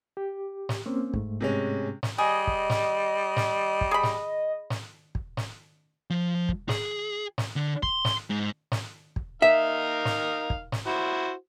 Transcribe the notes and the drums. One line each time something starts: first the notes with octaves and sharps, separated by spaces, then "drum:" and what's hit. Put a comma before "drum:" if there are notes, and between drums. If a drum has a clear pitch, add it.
G4
drum: snare
A#3 C4 C#4
G#2 A3, drum: kick
C3 G#3 C#4
drum: snare
G3 G#4 D#5
drum: kick
drum: snare
drum: snare
drum: kick
G#4 B5
drum: snare
drum: snare
drum: kick
drum: snare
F3
drum: kick
G#4, drum: snare
drum: snare
D3
C6, drum: kick
drum: snare
G#2
drum: snare
drum: kick
D#4 A#4 E5 F5
drum: snare
drum: kick
drum: snare
E4 F#4 C5